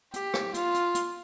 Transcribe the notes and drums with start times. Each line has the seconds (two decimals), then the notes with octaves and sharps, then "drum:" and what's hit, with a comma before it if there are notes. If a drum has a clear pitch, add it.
0.14 G4, drum: hi-hat
0.34 drum: rim click
0.54 F4, drum: hi-hat
0.74 drum: hi-hat
0.95 drum: hi-hat